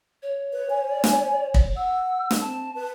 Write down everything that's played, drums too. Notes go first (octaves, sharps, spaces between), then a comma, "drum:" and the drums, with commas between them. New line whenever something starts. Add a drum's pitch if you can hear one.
C#5
B4
G#5
drum: snare
drum: kick
F#5 E6
drum: snare
C4 A5
B4